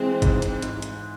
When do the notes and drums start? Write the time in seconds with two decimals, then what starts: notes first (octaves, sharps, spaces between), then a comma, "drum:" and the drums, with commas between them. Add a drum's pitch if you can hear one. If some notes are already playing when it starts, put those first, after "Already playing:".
Already playing: E3 G#3 C4
0.22 G#2, drum: kick G1, hi-hat
0.42 drum: hi-hat
0.62 G#2, drum: hi-hat
0.82 drum: hi-hat